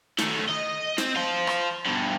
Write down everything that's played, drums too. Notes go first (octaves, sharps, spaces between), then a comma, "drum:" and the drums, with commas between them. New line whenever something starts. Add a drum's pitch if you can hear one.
D#3 A3, drum: snare
D#5
C4, drum: snare
F4 C5
drum: rim click
G2 B2